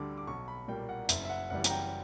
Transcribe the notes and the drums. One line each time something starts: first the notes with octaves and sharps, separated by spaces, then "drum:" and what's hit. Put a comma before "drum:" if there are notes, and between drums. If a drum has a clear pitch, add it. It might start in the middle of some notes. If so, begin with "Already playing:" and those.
Already playing: D2 D3 G3 D6
D6
B1 C#6
B5
A#2 G3 A#3 G5
F#5
F#1 E5, drum: hi-hat
E5
F#5
F#2 C#3 E3 G3 F#5
A#5, drum: hi-hat
G5